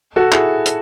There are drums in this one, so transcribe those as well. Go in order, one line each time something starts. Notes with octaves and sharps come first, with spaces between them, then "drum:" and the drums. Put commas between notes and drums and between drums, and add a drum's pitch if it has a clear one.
F#4 A4
E4 G#4, drum: clap
drum: hi-hat